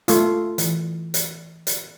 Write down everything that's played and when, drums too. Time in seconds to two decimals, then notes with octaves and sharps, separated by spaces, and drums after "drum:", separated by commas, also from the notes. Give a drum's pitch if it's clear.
0.08 A3 F4, drum: hi-hat
0.58 E3, drum: hi-hat
1.14 drum: hi-hat
1.67 drum: hi-hat